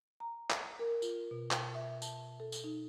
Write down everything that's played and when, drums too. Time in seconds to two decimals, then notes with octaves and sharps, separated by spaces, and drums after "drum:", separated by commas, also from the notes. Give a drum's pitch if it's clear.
0.20 A#5
0.50 drum: clap
0.79 A#4
1.02 F4, drum: tambourine
1.31 B2
1.51 G5, drum: clap
1.75 E5
2.02 A5, drum: tambourine
2.40 A4
2.52 drum: tambourine
2.64 D#4